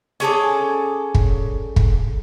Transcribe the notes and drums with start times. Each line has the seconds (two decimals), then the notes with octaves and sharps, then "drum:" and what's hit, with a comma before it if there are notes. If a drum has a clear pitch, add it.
0.20 C#4 G#4 A4 D5
1.15 drum: kick
1.76 drum: kick